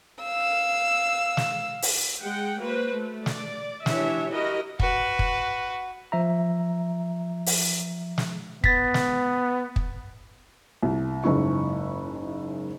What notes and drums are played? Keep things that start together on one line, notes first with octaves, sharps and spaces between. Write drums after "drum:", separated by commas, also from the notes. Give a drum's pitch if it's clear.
F5 E6
drum: snare
drum: open hi-hat
G#3 F#5 G5
A#3 F#4 B4 C5
A3
D5, drum: snare
E3 D4 G4 C#5 E5, drum: snare
E4 F#4 G4 A#4 D#5
F#4 B4, drum: kick
drum: kick
F3 E5 A#5
drum: open hi-hat
drum: snare
B3 A6 B6, drum: kick
drum: snare
drum: kick
C2
F#1 G#2 C#3 E4 C#6